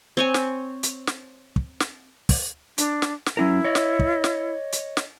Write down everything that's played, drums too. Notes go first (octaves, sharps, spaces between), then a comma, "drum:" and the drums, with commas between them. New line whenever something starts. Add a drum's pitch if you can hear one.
C4 C#5 G#5
drum: snare
drum: hi-hat
drum: snare
drum: kick
drum: snare
drum: kick, open hi-hat
D4, drum: hi-hat
drum: snare
drum: snare
F#3 C#4 E4 A#4
C#5 D#5
drum: snare
drum: kick
drum: snare
drum: hi-hat
drum: snare